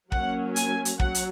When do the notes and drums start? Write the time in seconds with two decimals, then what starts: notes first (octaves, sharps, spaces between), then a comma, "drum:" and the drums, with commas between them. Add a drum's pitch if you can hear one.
0.12 F#3 A#3 C#4 F#5, drum: kick
0.56 G#5, drum: hi-hat
0.85 drum: hi-hat
1.00 F#3 F#5, drum: kick
1.15 drum: hi-hat